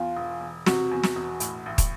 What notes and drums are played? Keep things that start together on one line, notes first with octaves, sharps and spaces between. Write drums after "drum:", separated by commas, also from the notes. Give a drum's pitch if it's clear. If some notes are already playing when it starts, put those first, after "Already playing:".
Already playing: E2 F4
E1
E1
C3 F#4, drum: snare
E2
drum: snare
E1
A2, drum: hi-hat
A1
drum: kick, hi-hat